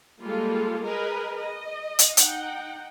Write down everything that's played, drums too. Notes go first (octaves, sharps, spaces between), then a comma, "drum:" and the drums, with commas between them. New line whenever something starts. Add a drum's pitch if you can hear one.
G3 G#3 A#3 F4 G4 A4
G#4 A#4 B4 D#5
D#5
drum: hi-hat
D#4 F#5 G5, drum: hi-hat